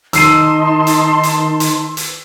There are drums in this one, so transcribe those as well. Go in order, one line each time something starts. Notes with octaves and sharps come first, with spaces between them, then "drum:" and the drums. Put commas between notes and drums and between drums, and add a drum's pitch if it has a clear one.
D#3 D#4 A5 C6 E6 C7 D#7, drum: hi-hat
drum: hi-hat
drum: hi-hat
drum: hi-hat
drum: hi-hat